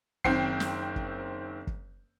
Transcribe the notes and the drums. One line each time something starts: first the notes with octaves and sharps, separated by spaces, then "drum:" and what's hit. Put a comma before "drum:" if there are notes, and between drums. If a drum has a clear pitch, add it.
F#1 D#3 C4 G5 C7, drum: kick
drum: snare
drum: kick
drum: kick